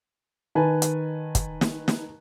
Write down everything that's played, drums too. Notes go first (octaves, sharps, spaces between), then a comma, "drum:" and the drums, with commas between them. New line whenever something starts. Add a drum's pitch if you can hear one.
D#3 B4 G#5 A5
drum: hi-hat
drum: kick, hi-hat
drum: snare
drum: snare